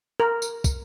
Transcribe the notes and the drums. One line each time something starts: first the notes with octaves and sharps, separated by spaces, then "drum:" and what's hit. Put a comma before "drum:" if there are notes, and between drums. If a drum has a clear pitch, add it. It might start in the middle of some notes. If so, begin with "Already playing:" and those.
A#4
drum: tambourine
drum: kick, tambourine